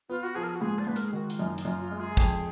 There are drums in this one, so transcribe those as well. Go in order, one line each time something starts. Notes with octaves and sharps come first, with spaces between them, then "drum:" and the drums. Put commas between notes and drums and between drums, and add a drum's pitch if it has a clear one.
B3 F4
F#4
F3 G#4
A#4
G#4
F#4
G#2 G#4
D5
G#2 B4
A#4, drum: hi-hat
G#4
D#3 F#4
F4, drum: hi-hat
F#2
D#4
D#4, drum: hi-hat
F#2 F4
F4
G#3
G#4
F2, drum: kick